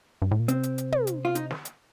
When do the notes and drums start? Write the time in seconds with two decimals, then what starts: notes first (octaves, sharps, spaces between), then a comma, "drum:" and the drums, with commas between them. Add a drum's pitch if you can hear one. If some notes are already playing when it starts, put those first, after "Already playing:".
0.22 G2
0.31 A2
0.40 A#2
0.48 C3 C4, drum: hi-hat
0.63 drum: hi-hat
0.78 drum: hi-hat
0.92 drum: tom
1.07 drum: hi-hat
1.25 F4
1.35 D#4, drum: hi-hat
1.51 drum: snare
1.65 drum: hi-hat